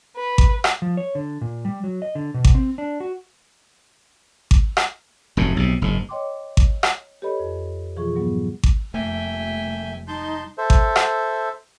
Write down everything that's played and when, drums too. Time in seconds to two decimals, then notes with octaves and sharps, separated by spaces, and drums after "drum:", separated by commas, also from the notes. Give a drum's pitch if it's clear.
0.16 B4
0.38 drum: kick G#1
0.64 drum: rim click
0.82 F3
0.97 C#5
1.15 D3
1.41 A#2
1.65 G3
1.84 F#3
2.02 D#5
2.15 D3
2.34 B2
2.45 drum: kick G#1
2.55 C4
2.78 D4
3.00 F#4
4.51 drum: kick G#1
4.77 drum: rim click
5.37 F1 F#2 A2
5.57 B1 C3
5.82 F#1 G#2
6.09 C#5 D#5 G5 C6 D6
6.57 drum: kick G#1
6.83 drum: rim click
7.22 G4 A4 B4 C#5 D#5 B5
7.40 F2
7.96 B2 E3 F3 F4 G#4 C#6
8.15 G#2 F#3 G3 B3
8.63 drum: kick G#1
8.94 F1 G3 A3 A#3 E5 G5 G#5
10.08 D#4 A5 C6 G6
10.58 A4 C5 E5
10.70 drum: kick G#1
10.96 drum: rim click